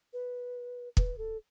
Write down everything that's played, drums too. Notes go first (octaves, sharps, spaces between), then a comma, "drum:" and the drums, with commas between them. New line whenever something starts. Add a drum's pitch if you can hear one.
B4
B4, drum: kick
A4